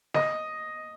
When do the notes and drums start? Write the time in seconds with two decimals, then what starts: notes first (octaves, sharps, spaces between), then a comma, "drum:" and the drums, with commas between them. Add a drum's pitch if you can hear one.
0.14 D#5, drum: snare